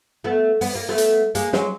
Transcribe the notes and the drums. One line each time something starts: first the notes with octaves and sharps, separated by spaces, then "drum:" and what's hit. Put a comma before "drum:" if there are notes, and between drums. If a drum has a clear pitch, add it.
A3 B3
B3, drum: open hi-hat
A#3
A3 B3
drum: hi-hat
G#3 A#3, drum: hi-hat
F#3 G#3, drum: snare